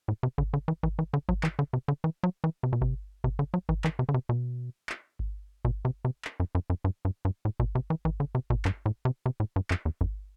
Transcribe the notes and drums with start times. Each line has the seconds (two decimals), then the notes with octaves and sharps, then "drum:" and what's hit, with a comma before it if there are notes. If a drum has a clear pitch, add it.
0.08 A2
0.23 C3
0.38 D3, drum: kick G1
0.53 D3
0.68 E3
0.83 E3, drum: kick G1
0.99 E3
1.13 D3
1.29 F#3, drum: kick G1
1.43 E3, drum: clap
1.59 D3
1.73 C3
1.88 D3
2.04 E3
2.23 F#3
2.44 E3
2.63 C3
2.73 B2
2.82 C3, drum: kick G1
3.24 C3, drum: kick G1
3.39 D3
3.54 F#3
3.69 E3, drum: kick G1
3.84 E3, drum: clap
3.99 C3
4.09 D3
4.14 C3
4.29 B2
4.89 drum: clap
5.19 drum: kick G1
5.65 B2, drum: kick G1
5.85 C3
6.05 C3
6.25 drum: clap
6.40 F#2
6.55 F#2
6.70 F#2
6.84 G2
7.05 G2
7.25 G2
7.45 A2
7.60 B2, drum: kick G1
7.75 C3
7.90 E3
8.05 E3, drum: kick G1
8.20 D3
8.35 C3
8.50 B2, drum: kick G1
8.65 G2, drum: clap
8.86 A2
9.05 C3
9.26 C3
9.40 A2
9.56 G2
9.71 F#2, drum: clap
9.85 E2
10.01 F#2, drum: kick G1